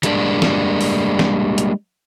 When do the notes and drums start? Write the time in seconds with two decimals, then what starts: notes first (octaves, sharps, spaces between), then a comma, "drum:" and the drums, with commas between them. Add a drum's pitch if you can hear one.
0.03 E3 G3 G#3 A#3 D4 D5, drum: hi-hat
0.42 drum: snare
0.81 drum: open hi-hat
1.19 drum: snare
1.58 drum: hi-hat